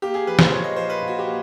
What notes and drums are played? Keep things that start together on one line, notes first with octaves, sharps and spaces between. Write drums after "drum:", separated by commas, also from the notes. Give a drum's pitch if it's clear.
A#3 G4
G#4
F3 B4
C5, drum: snare
A#2 C#5
D#5
F3 C5
B4
A#2
F#4
G4
A#3